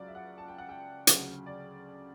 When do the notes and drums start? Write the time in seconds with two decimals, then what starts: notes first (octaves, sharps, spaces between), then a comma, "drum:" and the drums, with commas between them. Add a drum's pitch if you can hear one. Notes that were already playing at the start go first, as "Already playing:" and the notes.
Already playing: C#2 C#3 F#3 D5
0.08 E5
0.15 F#5
0.38 A5
0.48 G5
0.58 F#5
0.69 G5
1.07 D2 C#3 F#3, drum: hi-hat
1.46 D5